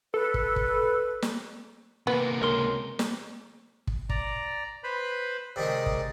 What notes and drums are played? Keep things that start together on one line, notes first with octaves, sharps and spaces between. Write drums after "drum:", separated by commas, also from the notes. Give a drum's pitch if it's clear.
A4 B4
drum: kick
drum: kick
drum: snare
C3 A#3 B3
C#2 A#4 C6
drum: snare
drum: kick
D5 A#5, drum: kick
B4 C5 B5
C3 D#3 G#3 D5
drum: kick